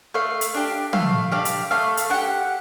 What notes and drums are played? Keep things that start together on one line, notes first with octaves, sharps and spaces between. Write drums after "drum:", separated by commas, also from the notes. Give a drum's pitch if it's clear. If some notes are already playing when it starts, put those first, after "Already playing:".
A3 F5
drum: hi-hat
D4 G4
A3 F5, drum: tom
D4 G4 F5
drum: hi-hat
A3 F5
drum: hi-hat
D4 G4 F#5